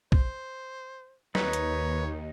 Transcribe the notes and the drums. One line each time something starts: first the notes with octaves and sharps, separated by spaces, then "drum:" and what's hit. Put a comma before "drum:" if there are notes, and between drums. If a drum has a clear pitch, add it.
C5, drum: kick
D#2 D#4 B4 C#5, drum: snare
drum: hi-hat